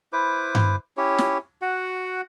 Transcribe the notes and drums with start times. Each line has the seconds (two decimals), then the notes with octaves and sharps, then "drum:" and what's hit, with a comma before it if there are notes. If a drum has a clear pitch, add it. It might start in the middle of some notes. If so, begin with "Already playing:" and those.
0.13 E4 B4 C5 D6
0.55 drum: tom G2
0.97 C#4 E4 G4 C#5
1.18 drum: snare
1.62 F#4 F#5